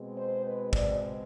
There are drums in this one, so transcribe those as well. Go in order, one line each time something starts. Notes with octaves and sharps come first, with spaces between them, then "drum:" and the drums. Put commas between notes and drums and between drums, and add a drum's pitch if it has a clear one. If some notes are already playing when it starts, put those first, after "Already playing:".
Already playing: B2 G#3 C4
C5
B4
D5, drum: kick